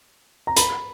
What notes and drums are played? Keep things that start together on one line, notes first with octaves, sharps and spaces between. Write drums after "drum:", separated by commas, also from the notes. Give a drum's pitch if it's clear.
A#5
B5, drum: hi-hat